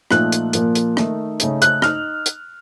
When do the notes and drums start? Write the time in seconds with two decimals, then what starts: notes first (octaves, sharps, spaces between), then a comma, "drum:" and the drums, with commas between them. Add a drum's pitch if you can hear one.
0.11 A#2 F3 A3 D#4 F#6, drum: rim click
0.32 drum: hi-hat
0.53 A#2 F3 A#3, drum: hi-hat
0.75 drum: hi-hat
0.97 D#3 A3 D#4, drum: rim click
1.40 C#3 A3 D#4, drum: hi-hat
1.62 F#6, drum: hi-hat
1.82 D#4 F6, drum: rim click
2.26 drum: hi-hat